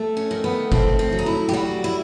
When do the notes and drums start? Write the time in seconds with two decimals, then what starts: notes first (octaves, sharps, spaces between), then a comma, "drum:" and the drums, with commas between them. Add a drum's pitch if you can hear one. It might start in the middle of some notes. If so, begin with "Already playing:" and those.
Already playing: A3
0.17 C#4
0.31 D#3
0.44 B3
0.72 A3 C4, drum: kick G1
0.99 C4
1.12 F#3
1.19 D#4
1.26 E4
1.49 G4
1.53 G3 F#4
1.84 E4